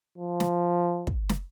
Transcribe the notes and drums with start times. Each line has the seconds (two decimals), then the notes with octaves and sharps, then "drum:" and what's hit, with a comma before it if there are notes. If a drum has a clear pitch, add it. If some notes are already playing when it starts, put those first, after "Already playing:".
0.18 F3
0.40 drum: snare
1.07 drum: kick
1.29 drum: snare